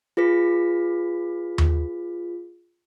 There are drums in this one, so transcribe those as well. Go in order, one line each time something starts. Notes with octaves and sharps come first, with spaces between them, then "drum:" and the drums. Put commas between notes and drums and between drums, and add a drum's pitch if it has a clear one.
F4 G#4 B4 B6
drum: tom D#2